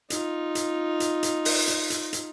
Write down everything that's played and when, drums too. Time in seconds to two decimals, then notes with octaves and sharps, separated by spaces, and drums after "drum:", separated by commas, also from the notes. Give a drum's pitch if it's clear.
0.10 D#4 F4, drum: hi-hat
0.55 drum: hi-hat
1.00 drum: hi-hat
1.23 drum: hi-hat
1.45 drum: open hi-hat
1.68 drum: hi-hat
1.90 drum: hi-hat
2.13 drum: hi-hat